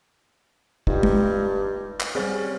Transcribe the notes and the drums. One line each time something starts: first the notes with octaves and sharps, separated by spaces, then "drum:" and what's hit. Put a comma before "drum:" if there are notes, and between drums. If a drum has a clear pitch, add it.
G2 D#4 F4 G4, drum: kick
drum: tom
drum: clap
G3 C4 C#4 G#4 C5